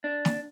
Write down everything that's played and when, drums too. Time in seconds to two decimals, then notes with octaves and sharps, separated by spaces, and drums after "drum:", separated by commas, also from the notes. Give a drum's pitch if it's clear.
0.04 D4
0.25 drum: snare